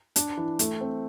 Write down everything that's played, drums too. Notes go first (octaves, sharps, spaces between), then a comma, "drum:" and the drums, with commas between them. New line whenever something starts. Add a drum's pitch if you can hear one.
D4, drum: hi-hat
E3
A3, drum: hi-hat
C4